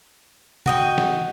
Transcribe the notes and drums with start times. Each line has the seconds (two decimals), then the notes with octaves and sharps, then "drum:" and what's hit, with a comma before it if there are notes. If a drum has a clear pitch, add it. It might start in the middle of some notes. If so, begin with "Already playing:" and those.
0.66 F#4 D#5 G5, drum: tom
0.98 drum: snare